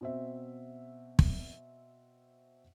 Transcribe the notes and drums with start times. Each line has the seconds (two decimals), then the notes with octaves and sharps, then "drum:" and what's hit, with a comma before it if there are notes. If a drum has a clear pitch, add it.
0.01 B2 C4 E5
1.19 drum: kick